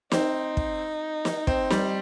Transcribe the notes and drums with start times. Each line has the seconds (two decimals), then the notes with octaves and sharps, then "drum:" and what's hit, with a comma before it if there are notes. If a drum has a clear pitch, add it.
0.12 C4 D#4, drum: snare
0.57 drum: kick
1.25 drum: snare
1.47 C4, drum: kick
1.70 G3, drum: snare